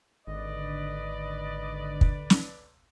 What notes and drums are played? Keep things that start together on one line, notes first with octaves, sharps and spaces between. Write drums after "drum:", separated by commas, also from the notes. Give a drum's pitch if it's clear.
G#1 D3 B4 D5 D#5
drum: kick
drum: snare